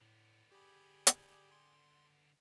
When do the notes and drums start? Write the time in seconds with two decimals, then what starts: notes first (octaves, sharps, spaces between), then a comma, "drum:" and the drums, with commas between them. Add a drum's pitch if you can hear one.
0.01 A2 D3 B3
0.52 G4 G#4 D5 G5 B5
1.07 drum: hi-hat
1.52 C6